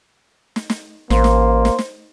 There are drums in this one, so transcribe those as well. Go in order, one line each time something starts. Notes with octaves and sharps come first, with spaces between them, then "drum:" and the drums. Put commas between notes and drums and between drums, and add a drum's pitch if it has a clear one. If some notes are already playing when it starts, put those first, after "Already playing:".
drum: snare
drum: snare
A1 A#3 C5 C6, drum: snare
drum: snare
drum: snare
drum: snare